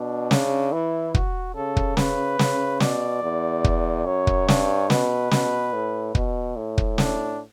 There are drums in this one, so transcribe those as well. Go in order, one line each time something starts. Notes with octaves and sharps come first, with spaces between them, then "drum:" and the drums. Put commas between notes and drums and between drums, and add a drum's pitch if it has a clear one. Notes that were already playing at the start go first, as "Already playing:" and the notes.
Already playing: B2 D4
C#3, drum: snare
E3 E4
F#4, drum: kick
C#3 A4
drum: kick
C#3 B4, drum: snare
C#3, drum: snare
B2 D5, drum: snare
E2
drum: kick
F#2 C#5
drum: kick
G2, drum: snare
B2 B4, drum: snare
B2, drum: snare
A2
B2, drum: kick
A2
drum: kick
D4, drum: snare